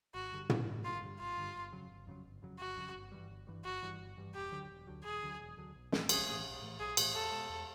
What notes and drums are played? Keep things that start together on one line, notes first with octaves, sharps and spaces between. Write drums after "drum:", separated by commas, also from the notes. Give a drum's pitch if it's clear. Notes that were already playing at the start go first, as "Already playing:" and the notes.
G#1 F#4
G2 D3 G3
G#1, drum: tom
G2 D3 G3
G#1 F4
G2 D3 G3
G#1 F4
G2 D3 G3
G1
F2 C#3 F#3
G1
F2 C#3 F#3
G1
F2 C#3 F#3
G1 F#4
F2 C#3 F#3
G1
G2 E3 G3
G1
G2 E3 G3
G1 F#4
G2 E3 G3
G1
G2 E3 G3
E1 G4
D2 D3 F#3
E1
D2 D3 F#3
E1 G#4
D2 D3 F#3
E1
D2 D3 F#3
B1
A2 E3 A3, drum: snare
B1 G#4, drum: cymbal
A2 E3 A3
B1
A2 E3 A3
B1 G#4
A2 E3 A3, drum: cymbal
E2 A4
B2 G#3
E2